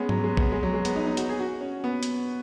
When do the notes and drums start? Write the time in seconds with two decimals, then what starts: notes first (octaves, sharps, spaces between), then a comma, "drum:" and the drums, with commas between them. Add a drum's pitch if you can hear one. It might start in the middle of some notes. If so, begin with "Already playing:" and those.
Already playing: G#3 B3 C#4
0.09 F#3, drum: tom G#2
0.24 G#3
0.37 B3, drum: kick A1
0.52 G#3
0.63 F#3
0.74 G#3
0.85 B3, drum: hi-hat
0.96 D#4
1.07 D#4
1.17 F#4, drum: hi-hat
1.29 G#4
1.39 F#4
1.61 C#4
1.84 B3
2.03 drum: hi-hat